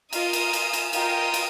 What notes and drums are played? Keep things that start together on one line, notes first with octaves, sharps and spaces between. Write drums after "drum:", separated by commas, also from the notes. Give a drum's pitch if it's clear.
F4 A#4 D#5 D#6, drum: cymbal
drum: cymbal
drum: cymbal
drum: cymbal
F4 A#4 D#5 G5 D#6, drum: cymbal
drum: cymbal